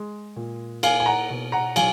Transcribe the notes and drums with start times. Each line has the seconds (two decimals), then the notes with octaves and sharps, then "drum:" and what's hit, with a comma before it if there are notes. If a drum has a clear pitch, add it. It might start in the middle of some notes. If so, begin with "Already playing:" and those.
Already playing: G#3
0.36 A#2
0.83 A#3 F5 G#5, drum: cymbal
1.00 G#5
1.06 F#5 A#5
1.30 B2
1.52 F#5 A#5
1.76 F#3 F5 G#5, drum: cymbal